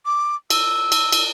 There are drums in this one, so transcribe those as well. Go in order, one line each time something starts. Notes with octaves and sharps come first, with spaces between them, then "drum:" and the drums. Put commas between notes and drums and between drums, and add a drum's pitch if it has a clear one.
D6
E6, drum: cymbal
drum: cymbal
drum: cymbal